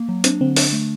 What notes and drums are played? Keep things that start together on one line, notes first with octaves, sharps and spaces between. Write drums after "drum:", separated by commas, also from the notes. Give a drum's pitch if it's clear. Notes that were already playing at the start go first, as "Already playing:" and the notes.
Already playing: A#3
F#3
C4 D4, drum: hi-hat
D3 C4
D4, drum: open hi-hat
A3